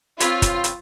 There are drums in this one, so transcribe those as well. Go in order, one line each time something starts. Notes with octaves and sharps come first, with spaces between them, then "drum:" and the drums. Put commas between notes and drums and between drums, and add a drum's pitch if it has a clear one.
C4 F4 B4 C#5, drum: hi-hat
drum: kick, hi-hat
drum: hi-hat